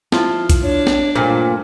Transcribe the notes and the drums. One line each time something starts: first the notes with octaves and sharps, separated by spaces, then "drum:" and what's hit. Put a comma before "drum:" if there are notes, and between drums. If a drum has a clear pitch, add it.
F3 E4 F4 A5, drum: snare
drum: kick A#1, hi-hat
D4 C#5
drum: snare
G2 A#2 F#3 A3 C5